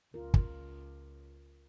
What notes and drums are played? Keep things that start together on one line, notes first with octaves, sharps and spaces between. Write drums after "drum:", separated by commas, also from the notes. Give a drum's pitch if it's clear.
C#2 F4 A#4
drum: kick